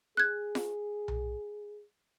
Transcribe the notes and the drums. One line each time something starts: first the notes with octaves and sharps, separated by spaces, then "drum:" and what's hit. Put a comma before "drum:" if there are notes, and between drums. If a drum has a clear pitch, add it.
G#4 F#6 G#6
drum: snare F4
drum: tom B1